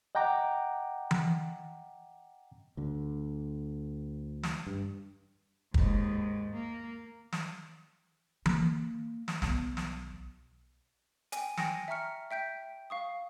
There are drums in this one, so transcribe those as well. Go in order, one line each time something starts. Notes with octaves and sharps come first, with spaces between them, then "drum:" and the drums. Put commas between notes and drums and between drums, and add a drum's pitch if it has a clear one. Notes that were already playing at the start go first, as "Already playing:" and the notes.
D#5 F#5 G5 A#5 D6
drum: tom E3
D2 D3
drum: snare
G2
D#2 G#2, drum: kick
A#3
drum: snare
A#3, drum: tom E3
drum: snare
B1 B3, drum: snare
drum: snare
G5 G#5, drum: hi-hat
G5 G#5 A#6 C#7, drum: snare
E5 A5 A#5 C#6 F6 C#7
E5 G5 G6 B6
F5 C#6 D#6